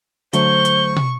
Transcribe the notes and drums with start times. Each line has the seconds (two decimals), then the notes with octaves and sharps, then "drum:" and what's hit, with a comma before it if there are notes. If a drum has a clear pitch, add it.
0.33 D3 F#3 A3 C5 C#6 G7, drum: hi-hat
0.65 drum: hi-hat
0.96 drum: tom